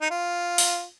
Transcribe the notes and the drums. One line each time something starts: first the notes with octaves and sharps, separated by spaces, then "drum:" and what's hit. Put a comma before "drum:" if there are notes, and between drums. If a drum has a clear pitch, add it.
D#4
F4
drum: open hi-hat